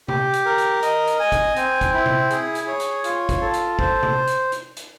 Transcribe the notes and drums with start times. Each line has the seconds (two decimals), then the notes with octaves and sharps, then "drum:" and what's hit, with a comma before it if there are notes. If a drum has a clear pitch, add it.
0.08 G4, drum: tom C3
0.33 drum: hi-hat
0.46 A#4
0.58 drum: hi-hat
0.83 D#5, drum: hi-hat
1.07 drum: hi-hat
1.19 G#5
1.32 drum: kick G1, hi-hat
1.56 C4, drum: hi-hat
1.81 drum: kick G1, hi-hat
1.94 E4
2.06 drum: tom C3
2.30 G#4, drum: hi-hat
2.55 drum: hi-hat
2.68 C#5
2.80 drum: hi-hat
3.04 F4, drum: hi-hat
3.29 drum: kick G1, hi-hat
3.41 A4
3.53 drum: hi-hat
3.79 C5, drum: kick G1
4.03 drum: tom C3
4.27 drum: hi-hat
4.52 drum: hi-hat
4.77 drum: hi-hat